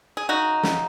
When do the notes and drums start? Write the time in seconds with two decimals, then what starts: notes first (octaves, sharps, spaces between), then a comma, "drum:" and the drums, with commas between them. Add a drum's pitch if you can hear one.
0.17 G#4
0.29 C#3 D#4 F#4
0.63 C#3, drum: snare